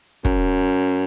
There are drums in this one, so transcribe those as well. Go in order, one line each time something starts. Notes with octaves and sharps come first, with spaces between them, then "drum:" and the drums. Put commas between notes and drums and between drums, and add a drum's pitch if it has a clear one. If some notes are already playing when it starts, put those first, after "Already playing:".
F#2, drum: kick